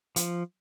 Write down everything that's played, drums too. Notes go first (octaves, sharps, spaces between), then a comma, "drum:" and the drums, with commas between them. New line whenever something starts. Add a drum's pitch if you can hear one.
F3, drum: hi-hat